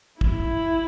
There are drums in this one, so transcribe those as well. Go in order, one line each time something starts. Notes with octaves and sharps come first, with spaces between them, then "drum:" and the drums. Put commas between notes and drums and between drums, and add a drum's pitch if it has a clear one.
E4, drum: kick